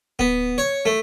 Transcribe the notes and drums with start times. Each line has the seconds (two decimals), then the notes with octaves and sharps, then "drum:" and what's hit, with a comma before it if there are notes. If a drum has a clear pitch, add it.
0.19 B3, drum: kick D1
0.58 C#5
0.86 A3